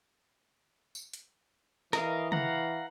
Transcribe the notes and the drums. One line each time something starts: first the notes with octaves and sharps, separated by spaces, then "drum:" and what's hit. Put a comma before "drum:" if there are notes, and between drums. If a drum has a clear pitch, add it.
drum: tambourine
drum: hi-hat
E3 A#4 D#5 F5, drum: snare
F5 F#5 A#5, drum: tom